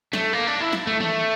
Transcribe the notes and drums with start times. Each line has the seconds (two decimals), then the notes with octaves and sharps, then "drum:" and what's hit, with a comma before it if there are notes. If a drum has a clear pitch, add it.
0.13 A3, drum: snare
0.33 A#3
0.47 D4
0.61 E4
0.72 drum: snare
0.87 A3
1.01 A3, drum: tom D#3